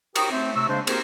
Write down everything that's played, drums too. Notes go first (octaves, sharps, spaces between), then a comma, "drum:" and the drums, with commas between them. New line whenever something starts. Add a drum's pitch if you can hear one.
G4 A#4 G5 C#6 D#6, drum: cymbal
A3 C4
C3 A3 C#6 E6
C#3 G#3 A#3 D4 C5
A#3 C4 G4 G#4 A#4 C5, drum: cymbal